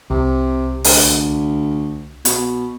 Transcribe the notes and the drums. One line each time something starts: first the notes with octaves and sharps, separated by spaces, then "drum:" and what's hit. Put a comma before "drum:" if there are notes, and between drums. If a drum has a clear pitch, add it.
C2 C3
D2, drum: open hi-hat
B2, drum: hi-hat